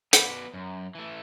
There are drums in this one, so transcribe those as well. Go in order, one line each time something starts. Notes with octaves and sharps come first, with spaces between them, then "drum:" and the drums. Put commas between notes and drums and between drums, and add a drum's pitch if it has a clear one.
B3 F#4 B4 D5, drum: hi-hat
F#2
E3 A3